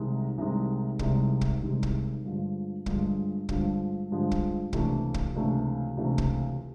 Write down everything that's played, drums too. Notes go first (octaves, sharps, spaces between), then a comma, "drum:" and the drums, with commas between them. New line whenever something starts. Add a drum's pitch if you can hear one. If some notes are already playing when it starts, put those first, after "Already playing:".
Already playing: C2 C3 D#3 G#3
C2 C3 D#3 G#3
C2 C3 D#3 G#3, drum: kick
drum: kick
C2 C3 D#3 G#3
drum: kick
G2 D3 F3 G#3
G2 D3 F3 G#3, drum: kick
G2 D3 F3 G#3, drum: kick
G2 D3 F3 G#3
drum: kick
C#2 C3 E3 A3 D4, drum: kick
drum: kick
C#2 C3 E3 A3 D4
C#2 C3 E3 A3 D4
drum: kick